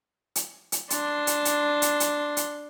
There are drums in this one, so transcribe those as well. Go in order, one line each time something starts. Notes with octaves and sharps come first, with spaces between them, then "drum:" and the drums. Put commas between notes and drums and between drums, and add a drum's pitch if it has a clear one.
drum: hi-hat
drum: hi-hat
D4 C6, drum: hi-hat
drum: hi-hat
drum: hi-hat
drum: hi-hat
drum: hi-hat
drum: hi-hat